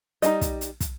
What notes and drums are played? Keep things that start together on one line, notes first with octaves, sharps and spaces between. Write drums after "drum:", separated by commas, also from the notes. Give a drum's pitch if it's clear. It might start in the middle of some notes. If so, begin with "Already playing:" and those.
G3 C4 D#4 D#5, drum: hi-hat
drum: kick, hi-hat
drum: hi-hat
drum: kick, hi-hat